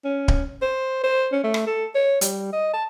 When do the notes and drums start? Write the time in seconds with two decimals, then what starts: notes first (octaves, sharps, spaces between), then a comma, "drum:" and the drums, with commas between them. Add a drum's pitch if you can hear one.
0.04 C#4
0.28 drum: kick D1
0.62 C5
1.04 C5
1.32 C#4
1.44 A3
1.54 drum: rim click
1.67 A4
1.95 C#5
2.21 G3, drum: hi-hat
2.52 D#5
2.73 A5